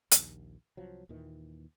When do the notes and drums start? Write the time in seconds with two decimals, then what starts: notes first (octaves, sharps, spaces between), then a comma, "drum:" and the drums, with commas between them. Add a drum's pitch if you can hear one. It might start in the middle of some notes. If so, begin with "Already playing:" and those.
0.11 A#1 D#2, drum: hi-hat
0.77 C2 F3 F#3
1.09 D#2 A#2 D#3 E3